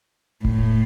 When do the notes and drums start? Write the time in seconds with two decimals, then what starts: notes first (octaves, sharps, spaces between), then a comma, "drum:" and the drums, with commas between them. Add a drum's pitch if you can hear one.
0.45 A2, drum: kick E1